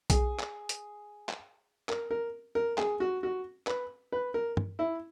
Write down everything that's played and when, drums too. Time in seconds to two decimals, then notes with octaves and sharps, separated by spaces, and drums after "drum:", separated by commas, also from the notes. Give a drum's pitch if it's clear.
0.10 G#4, drum: kick B1, hi-hat
0.39 drum: clap
0.69 drum: hi-hat
1.29 drum: clap
1.89 A#4, drum: clap
2.11 A#4
2.55 A#4
2.78 G#4, drum: clap
3.00 F#4
3.23 F#4
3.67 B4, drum: clap
4.12 B4
4.34 A#4
4.57 drum: tom
4.79 E4